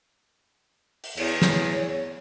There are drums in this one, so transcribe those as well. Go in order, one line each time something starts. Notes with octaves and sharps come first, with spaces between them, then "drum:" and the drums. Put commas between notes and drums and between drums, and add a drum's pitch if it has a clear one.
drum: open hi-hat
E2 C#5, drum: cymbal
drum: snare